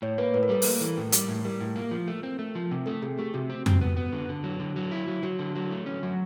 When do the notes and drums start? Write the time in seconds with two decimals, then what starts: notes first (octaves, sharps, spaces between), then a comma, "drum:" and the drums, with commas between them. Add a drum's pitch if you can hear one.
0.02 A2 C#5
0.18 A#3 B4
0.34 A2 B4
0.43 A#4
0.49 G3 A4
0.62 A#3 A#4, drum: open hi-hat
0.81 E3
0.97 A2
1.12 G3, drum: hi-hat
1.28 A2
1.45 G3 A#4
1.61 A2
1.76 A#3
1.91 F3
2.08 A3
2.23 C4
2.39 A3
2.55 F3
2.71 C3
2.86 A3 A4
3.02 C3 G#4
3.19 A3 G4
3.34 C3 F#4
3.50 C4
3.66 C4, drum: tom F2
3.81 B3
3.97 B3
4.12 D3
4.29 D3
4.44 F#3
4.60 D3
4.76 F#3
4.91 E4
5.08 F#3
5.23 F#3 F#4
5.39 D3
5.55 F#3
5.71 A3
5.86 C#4
6.03 F#3